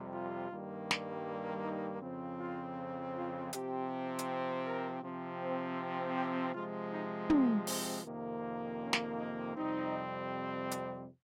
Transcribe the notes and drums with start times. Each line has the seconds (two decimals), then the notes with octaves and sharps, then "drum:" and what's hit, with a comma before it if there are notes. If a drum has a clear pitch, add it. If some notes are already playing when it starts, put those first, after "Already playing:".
Already playing: F2 C3 G3
0.13 F4
0.51 G2 D#3 G3 A#3
0.91 drum: snare
1.65 D#4
2.02 F2 C#3 F3 C4
2.39 F4
3.15 F4
3.53 C3 F3 C4 G4, drum: hi-hat
4.19 drum: hi-hat
4.66 A#4
5.03 C3 F3 C4
5.42 C5
6.16 G4
6.55 C3 F3 G#3 F4
6.93 D#4
7.30 C4, drum: tom
7.67 C4, drum: open hi-hat
8.05 F2 C3 D#3 A#3
8.81 C#4
8.93 drum: snare
9.18 D#4
9.55 F2 C3 G3 C4 D#4
10.71 drum: hi-hat